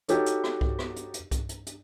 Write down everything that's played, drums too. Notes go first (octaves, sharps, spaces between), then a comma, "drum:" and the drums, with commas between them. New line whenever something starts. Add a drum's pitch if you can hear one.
D#4 F#4 G4 A4 C#5, drum: hi-hat
drum: hi-hat
drum: rim click
drum: kick C2
drum: rim click
drum: hi-hat
drum: hi-hat
drum: kick C2, hi-hat
drum: hi-hat
drum: hi-hat